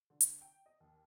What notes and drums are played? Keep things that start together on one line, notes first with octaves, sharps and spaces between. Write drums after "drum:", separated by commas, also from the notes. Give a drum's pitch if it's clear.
D3
drum: hi-hat
G5
D#5
D#2